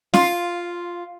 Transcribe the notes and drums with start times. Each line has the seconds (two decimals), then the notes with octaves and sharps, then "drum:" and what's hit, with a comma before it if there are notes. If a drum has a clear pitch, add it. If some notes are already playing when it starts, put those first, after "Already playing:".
0.14 F4, drum: snare C#4